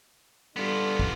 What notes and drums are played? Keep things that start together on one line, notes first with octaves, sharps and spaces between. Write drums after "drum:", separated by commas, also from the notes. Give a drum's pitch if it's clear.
G3 B3 D4 F4 A4
drum: kick